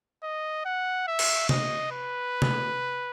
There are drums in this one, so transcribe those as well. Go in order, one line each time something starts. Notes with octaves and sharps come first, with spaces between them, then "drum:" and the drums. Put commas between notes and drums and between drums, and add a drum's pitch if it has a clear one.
D#5
F#5
E5
drum: cymbal
D#5, drum: tom C3
B4
drum: tom C3